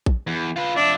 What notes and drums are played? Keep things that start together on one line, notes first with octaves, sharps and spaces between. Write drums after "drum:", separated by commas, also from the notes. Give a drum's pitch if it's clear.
drum: kick A#1
E2
F4 B4
F2 D4 E5